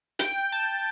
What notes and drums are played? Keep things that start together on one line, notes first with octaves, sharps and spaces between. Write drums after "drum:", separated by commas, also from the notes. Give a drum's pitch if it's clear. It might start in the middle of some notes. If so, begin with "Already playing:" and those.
G5, drum: hi-hat
A5